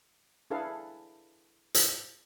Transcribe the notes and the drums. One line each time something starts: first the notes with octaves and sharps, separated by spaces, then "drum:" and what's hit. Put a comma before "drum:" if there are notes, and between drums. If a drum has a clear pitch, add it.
D4 E4 G#4 A4 B4 F5
drum: hi-hat